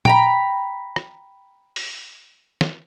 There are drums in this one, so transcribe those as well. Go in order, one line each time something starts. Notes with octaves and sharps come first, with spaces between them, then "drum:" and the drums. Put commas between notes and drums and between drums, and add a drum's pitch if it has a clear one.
G5 A#5 B5, drum: tom A#2
drum: rim click
drum: open hi-hat
drum: snare